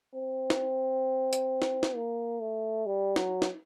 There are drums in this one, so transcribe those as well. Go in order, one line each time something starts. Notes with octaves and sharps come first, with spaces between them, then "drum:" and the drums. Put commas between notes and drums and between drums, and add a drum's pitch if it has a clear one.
C4
drum: snare
drum: hi-hat
drum: snare
drum: snare
A#3
A3
G3
F#3, drum: snare
drum: snare